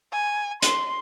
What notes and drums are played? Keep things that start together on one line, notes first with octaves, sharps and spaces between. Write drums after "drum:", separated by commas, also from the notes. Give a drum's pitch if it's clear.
G#5
C6, drum: hi-hat